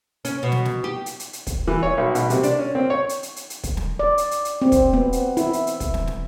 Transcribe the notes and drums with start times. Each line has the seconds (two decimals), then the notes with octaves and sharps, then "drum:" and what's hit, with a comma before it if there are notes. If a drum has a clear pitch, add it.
0.25 C#4, drum: hi-hat
0.43 B2
0.52 drum: snare
0.65 drum: snare
0.84 G4
1.06 drum: hi-hat
1.20 drum: hi-hat
1.33 drum: hi-hat
1.47 drum: kick, hi-hat
1.68 E3
1.83 C#5
1.97 B1
2.15 B2, drum: hi-hat
2.30 C3, drum: hi-hat
2.43 D4, drum: hi-hat
2.59 C#4
2.75 C4
2.90 C#5
3.09 drum: hi-hat
3.23 drum: hi-hat
3.36 drum: hi-hat
3.50 drum: hi-hat
3.63 drum: kick, hi-hat
3.77 drum: snare
3.99 D5
4.18 drum: hi-hat
4.31 drum: hi-hat
4.45 drum: hi-hat
4.62 C4
4.72 drum: kick, hi-hat
4.93 B3
5.13 drum: hi-hat
5.37 E4, drum: hi-hat
5.53 drum: hi-hat
5.67 drum: hi-hat
5.80 drum: kick, hi-hat
5.94 drum: snare
6.07 drum: snare